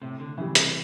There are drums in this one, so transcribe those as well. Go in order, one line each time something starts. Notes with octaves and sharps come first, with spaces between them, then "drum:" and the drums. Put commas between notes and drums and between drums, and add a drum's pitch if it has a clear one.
A2 C3
D3
C#3 E3 G3
C3, drum: hi-hat